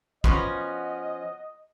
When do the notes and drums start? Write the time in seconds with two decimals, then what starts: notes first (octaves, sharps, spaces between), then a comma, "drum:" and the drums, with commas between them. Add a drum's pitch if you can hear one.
0.24 F3 B3 C#4 F#4 D#5, drum: kick